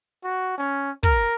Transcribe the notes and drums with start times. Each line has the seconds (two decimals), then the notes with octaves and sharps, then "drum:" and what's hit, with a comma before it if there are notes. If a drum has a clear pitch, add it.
0.24 F#4
0.58 C#4
1.03 A#4, drum: kick